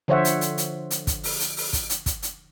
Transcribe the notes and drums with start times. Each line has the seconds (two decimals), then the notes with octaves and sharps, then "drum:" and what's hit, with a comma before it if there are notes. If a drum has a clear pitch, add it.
0.08 D3 F3 C5 C#5 E5 F#5
0.25 drum: hi-hat
0.41 drum: hi-hat
0.58 drum: hi-hat
0.91 drum: hi-hat
1.07 drum: kick, hi-hat
1.24 drum: open hi-hat
1.40 drum: hi-hat
1.57 drum: open hi-hat
1.73 drum: kick, hi-hat
1.90 drum: hi-hat
2.06 drum: kick, hi-hat
2.22 drum: hi-hat